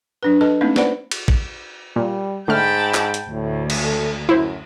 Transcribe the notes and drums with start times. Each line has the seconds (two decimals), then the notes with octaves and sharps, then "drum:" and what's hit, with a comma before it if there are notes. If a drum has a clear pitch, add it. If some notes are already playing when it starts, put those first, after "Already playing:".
0.23 F#3 D4 B4
0.41 A4 B4 D#5 A5
0.61 A3 A#3 C4 C#4 D#4 E4
0.76 B4 C5 D5 F#5 B5, drum: snare
1.11 drum: cymbal
1.28 drum: kick
1.96 A#2 G3
2.48 G#2 D3 A3 G5 A5 B5 F6
2.95 drum: clap
3.14 drum: hi-hat
3.31 D2 A2
3.70 drum: cymbal
3.83 A4
4.29 F#2 E4 C5